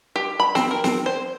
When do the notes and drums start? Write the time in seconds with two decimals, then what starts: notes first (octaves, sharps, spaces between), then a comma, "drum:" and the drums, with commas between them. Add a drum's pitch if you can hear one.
0.16 G4
0.40 B5
0.55 C4, drum: snare
0.71 A#4
0.84 C4, drum: snare
1.06 C5